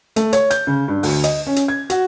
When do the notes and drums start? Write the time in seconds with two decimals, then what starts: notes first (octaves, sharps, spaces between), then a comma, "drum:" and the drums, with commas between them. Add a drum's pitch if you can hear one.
0.16 A3, drum: hi-hat
0.33 C#5, drum: hi-hat
0.51 G6, drum: hi-hat
0.67 C#3
0.88 G2
1.03 D2, drum: open hi-hat
1.24 D#5, drum: hi-hat
1.47 C#4
1.56 drum: hi-hat
1.68 G#6
1.90 F#4, drum: hi-hat